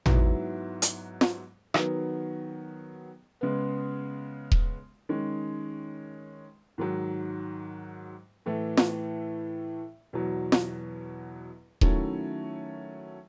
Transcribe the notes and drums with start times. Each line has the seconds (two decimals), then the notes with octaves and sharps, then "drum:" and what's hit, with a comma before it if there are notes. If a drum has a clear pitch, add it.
0.06 G#2 F#3 B3 E4, drum: tom
0.82 drum: hi-hat
1.21 drum: snare
1.74 D#3 F#3 B3, drum: rim click
3.41 C#3 G#3 B3
4.52 drum: kick D#1
5.09 D#3 G#3 C#4
6.78 G#2 D#3 F#3
8.46 A2 E3 A3
8.77 drum: snare
10.13 E2 B2 F#3
10.52 drum: snare
11.81 D#3 F#3 A3 C#4 E4, drum: kick D#1